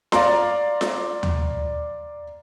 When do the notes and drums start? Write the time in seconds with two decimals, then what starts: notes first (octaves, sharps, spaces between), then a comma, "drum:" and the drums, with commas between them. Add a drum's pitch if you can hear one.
0.12 D5 F5 A#5 C6, drum: snare F4
0.81 drum: snare F4
1.23 drum: tom D#2